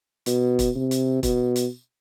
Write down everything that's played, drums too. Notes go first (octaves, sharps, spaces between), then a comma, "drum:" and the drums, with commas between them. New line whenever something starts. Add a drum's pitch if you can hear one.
B2, drum: hi-hat
drum: kick E1, hi-hat
C3
drum: hi-hat
B2, drum: kick E1, hi-hat
drum: hi-hat